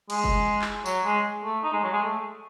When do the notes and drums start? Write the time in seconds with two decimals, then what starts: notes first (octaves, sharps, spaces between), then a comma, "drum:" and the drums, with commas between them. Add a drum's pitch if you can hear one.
0.10 G#3, drum: cymbal
0.24 drum: kick
0.62 drum: clap
0.86 F#3, drum: tambourine
1.05 G#3
1.44 A3
1.63 D#4
1.73 G#3
1.83 F#3
1.93 G#3
2.02 A3